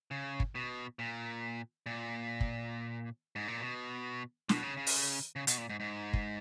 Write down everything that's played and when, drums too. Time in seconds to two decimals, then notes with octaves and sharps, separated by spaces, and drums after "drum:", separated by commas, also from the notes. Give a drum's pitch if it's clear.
0.11 C#3
0.40 drum: kick
0.55 B2
0.99 A#2
1.86 A#2
2.41 drum: kick
3.36 G#2
3.48 A#2
3.60 B2
4.49 B2, drum: snare
4.63 C#3
4.77 C#3
4.87 drum: open hi-hat
5.36 C#3
5.47 B2, drum: hi-hat
5.58 A#2
5.69 G#2
5.80 G#2
6.13 drum: kick